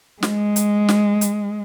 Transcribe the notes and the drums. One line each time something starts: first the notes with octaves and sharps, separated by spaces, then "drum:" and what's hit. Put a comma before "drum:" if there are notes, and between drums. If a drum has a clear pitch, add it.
G#3, drum: snare
drum: hi-hat
drum: snare
drum: hi-hat